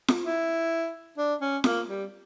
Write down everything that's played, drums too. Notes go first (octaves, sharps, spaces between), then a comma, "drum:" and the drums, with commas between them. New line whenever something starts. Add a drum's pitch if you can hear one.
drum: snare F4
E4
D4
C#4
A#3, drum: snare F4
G3